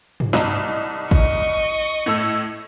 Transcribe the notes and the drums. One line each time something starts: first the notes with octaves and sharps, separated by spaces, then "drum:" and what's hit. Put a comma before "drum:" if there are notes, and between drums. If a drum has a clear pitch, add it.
drum: tom
C2 D#4 A5, drum: snare
D#5 C#6, drum: kick
A2 A4 E6